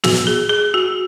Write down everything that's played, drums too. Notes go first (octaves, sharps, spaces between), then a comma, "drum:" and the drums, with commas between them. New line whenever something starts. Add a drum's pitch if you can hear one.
F#4, drum: snare
G#4
G#4
F#4